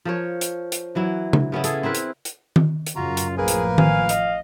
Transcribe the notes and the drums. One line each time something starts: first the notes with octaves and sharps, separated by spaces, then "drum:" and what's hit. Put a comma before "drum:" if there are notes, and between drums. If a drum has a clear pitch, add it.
F3 A#4 C#5
drum: hi-hat
drum: hi-hat
E3 F#3 E4
drum: tom C#3
C#3 B3 C#4 E4
C#4 G#4 A4, drum: hi-hat
C4 E4 A#4 B4
drum: hi-hat
drum: hi-hat
drum: tom D#3
drum: hi-hat
F#2 C#3 F4 F#4 A#5
drum: hi-hat
A1 F3 A#3 G#4 A#4 B4
drum: hi-hat
F5 G#5, drum: tom D#3
D#5, drum: hi-hat